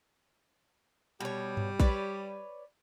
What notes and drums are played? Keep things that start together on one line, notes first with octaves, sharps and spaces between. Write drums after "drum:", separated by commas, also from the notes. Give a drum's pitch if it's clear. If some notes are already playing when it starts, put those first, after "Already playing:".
B2 G3 G4 C#5
drum: tom G2
B4 C#5 D5, drum: kick A#1